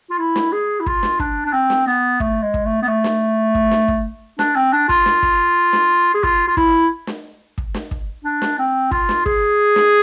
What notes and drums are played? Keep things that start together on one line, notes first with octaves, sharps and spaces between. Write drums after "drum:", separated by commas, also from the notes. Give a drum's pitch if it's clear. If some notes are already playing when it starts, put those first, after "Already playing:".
F4
E4
drum: snare
G#4
E4
F4, drum: kick
drum: snare
D4, drum: kick
D4
C4
drum: snare
B3
A3, drum: kick
G#3
drum: kick
A3
B3
A3
drum: snare
drum: kick
drum: snare
drum: kick
D4, drum: snare
C4
D4
F4, drum: kick
drum: snare
drum: kick
drum: snare
G#4
F4, drum: kick
F4
E4, drum: kick
drum: snare
drum: kick
drum: snare
drum: kick
D4
drum: snare
C4
F4, drum: kick
drum: snare
G#4, drum: kick
drum: snare